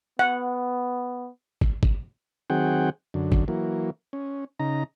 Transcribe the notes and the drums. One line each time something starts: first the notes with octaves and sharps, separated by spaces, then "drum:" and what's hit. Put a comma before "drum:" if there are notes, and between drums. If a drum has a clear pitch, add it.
B3 F#5
drum: kick
drum: kick
D#3 F#3 C4 G#4 F#5 G5
F#2 D3
drum: kick
E3 F#3 A#3
C#4
C#3 D#4 A#5